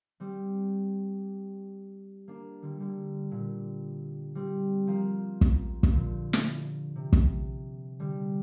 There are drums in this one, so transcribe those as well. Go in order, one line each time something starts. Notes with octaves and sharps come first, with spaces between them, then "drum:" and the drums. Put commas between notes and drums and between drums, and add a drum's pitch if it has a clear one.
G3 C4
A#3 D4
D3 G3
D3 G3
A#2 D3
G3 C4
F3 A#3
drum: kick
F3, drum: kick
A#2 D3
drum: snare
C3
drum: kick
D3 G3